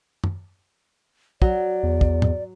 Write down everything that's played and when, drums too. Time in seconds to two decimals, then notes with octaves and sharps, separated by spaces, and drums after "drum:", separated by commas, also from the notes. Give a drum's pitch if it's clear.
0.24 drum: tom
1.42 F#3 D5, drum: kick
1.83 E2
2.01 drum: kick
2.22 drum: tom